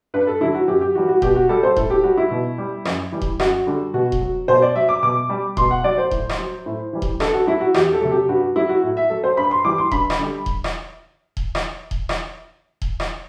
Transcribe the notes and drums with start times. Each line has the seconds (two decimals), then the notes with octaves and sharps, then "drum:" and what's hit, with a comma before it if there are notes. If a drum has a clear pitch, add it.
0.14 G2 B4
0.27 A4
0.41 D3 F#3 E4
0.55 F#4
0.68 F#2 G4
0.81 G4
0.95 E3 G3 F#4
1.09 F#4
1.22 B2 G4, drum: kick D#1
1.36 F#4
1.49 G3 A4
1.63 C5
1.76 A2 A4, drum: kick D#1
1.90 G4
2.04 G3 F#4
2.17 E4
2.31 B2
2.58 G3
2.85 F#2, drum: rim click
3.12 E3 G3
3.22 drum: kick D#1
3.40 F#2 F#4, drum: rim click
3.67 D3 G3
3.94 B2 F#4
4.12 drum: kick D#1
4.21 F#3
4.48 B2 C5
4.62 D5
4.76 F#3 E5
4.89 D6
5.03 B2 D6
5.30 G3
5.57 B2 C6, drum: kick D#1
5.71 F#5
5.84 F#3 D5
5.98 C5
6.11 A2, drum: kick D#1
6.29 drum: rim click
6.39 F#3
6.66 A2
6.93 E3 G3
7.02 drum: kick D#1
7.20 G2 A4, drum: rim click
7.33 F#4
7.47 F#3 E4
7.61 F#4
7.74 E2 G4, drum: rim click
7.93 A4
8.01 C3 F#3
8.11 G4
8.29 G2 F#4
8.56 F#3 E4
8.69 F#4
8.83 A2
8.97 E5
9.10 F#3 A4
9.24 C5
9.37 G2 B5
9.51 C6
9.65 E3 G3 D6
9.78 C6
9.91 G2 B5, drum: kick D#1
10.10 drum: rim click
10.19 D3 G3
10.46 drum: kick D#1
10.64 drum: rim click
11.37 drum: kick D#1
11.55 drum: rim click
11.91 drum: kick D#1
12.09 drum: rim click
12.82 drum: kick D#1
13.00 drum: rim click